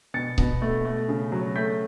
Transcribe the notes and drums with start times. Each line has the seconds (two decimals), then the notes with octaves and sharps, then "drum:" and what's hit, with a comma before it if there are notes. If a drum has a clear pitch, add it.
0.14 B2 A6 C#7
0.38 B2, drum: kick C#1
0.62 A3
0.85 A3
1.09 C#3
1.32 F#3
1.56 A3 G6 B6